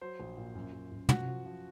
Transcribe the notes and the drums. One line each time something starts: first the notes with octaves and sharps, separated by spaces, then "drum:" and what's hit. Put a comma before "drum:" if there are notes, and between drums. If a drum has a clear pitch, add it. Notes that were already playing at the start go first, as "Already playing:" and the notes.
F#3 C5
A#1
A#2
F#2
F#2
F#2
F3 F#4, drum: tom
F3
F3